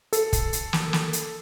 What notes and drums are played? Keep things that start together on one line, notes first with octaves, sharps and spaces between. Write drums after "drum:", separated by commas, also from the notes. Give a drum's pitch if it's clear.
A4, drum: hi-hat
drum: kick, hi-hat
drum: hi-hat
drum: snare
drum: snare
drum: hi-hat